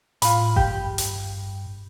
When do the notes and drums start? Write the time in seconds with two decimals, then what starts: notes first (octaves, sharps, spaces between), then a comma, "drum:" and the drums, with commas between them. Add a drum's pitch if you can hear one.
0.22 A2 F4 B5, drum: hi-hat
0.56 G2 G4, drum: kick G1
0.98 drum: hi-hat